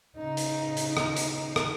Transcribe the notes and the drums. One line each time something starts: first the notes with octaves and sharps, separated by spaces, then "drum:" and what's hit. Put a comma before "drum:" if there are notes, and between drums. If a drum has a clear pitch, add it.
C#3 D#4
drum: hi-hat
drum: hi-hat
drum: rim click
drum: hi-hat
drum: rim click